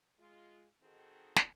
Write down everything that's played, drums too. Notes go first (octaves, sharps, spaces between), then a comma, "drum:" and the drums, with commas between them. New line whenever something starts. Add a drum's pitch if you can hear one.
G#3 F4
D#3 C4 D#4 F#4 G#4 A4
drum: snare